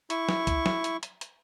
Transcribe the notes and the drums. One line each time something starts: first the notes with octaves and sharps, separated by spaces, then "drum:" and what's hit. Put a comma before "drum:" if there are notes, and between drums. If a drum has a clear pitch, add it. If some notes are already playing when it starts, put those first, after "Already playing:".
E4 C#6, drum: hi-hat
drum: snare
drum: kick, hi-hat
drum: snare
drum: hi-hat
drum: hi-hat
drum: hi-hat